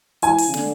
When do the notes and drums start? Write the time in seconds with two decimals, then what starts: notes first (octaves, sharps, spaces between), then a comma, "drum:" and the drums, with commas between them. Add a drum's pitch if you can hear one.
0.22 E3 G#5, drum: hi-hat
0.38 drum: open hi-hat
0.48 C#3
0.54 D3, drum: snare